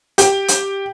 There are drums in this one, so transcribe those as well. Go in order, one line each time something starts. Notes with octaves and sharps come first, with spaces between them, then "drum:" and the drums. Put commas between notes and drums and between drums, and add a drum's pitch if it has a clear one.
G4, drum: hi-hat
drum: hi-hat